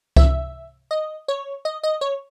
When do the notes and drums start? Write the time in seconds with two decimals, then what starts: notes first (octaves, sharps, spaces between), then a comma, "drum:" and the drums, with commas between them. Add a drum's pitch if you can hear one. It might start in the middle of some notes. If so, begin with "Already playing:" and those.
0.16 E5, drum: kick C2
0.91 D#5
1.28 C#5
1.65 D#5
1.83 D#5
2.01 C#5